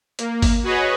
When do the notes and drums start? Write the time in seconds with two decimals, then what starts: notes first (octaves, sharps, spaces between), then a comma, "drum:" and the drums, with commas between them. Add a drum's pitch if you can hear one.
0.19 A#3, drum: hi-hat
0.42 drum: kick G1, open hi-hat
0.63 F#4 G#4 B4 C#5 D#5